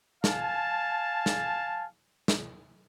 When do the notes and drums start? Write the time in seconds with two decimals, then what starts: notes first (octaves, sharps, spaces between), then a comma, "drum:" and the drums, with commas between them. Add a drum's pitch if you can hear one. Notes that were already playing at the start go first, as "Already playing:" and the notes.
0.24 F5 G#5 A5, drum: snare
1.26 drum: snare
2.28 drum: snare